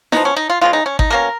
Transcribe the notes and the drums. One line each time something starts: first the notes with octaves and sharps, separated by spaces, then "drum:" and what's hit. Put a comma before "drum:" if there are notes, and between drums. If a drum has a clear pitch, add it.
F3 B3 D#4, drum: snare E4
C#4
D#4
F4
C#3 G#3 B3 F4
D#4
C#4
D#4, drum: kick G#1
B2 A#3 C#4 A#4